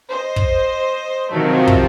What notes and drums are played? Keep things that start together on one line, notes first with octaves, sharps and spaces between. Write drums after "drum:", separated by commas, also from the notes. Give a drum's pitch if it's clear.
C5 D#5
drum: kick
C3 D#3 F3 F#3 A3
drum: kick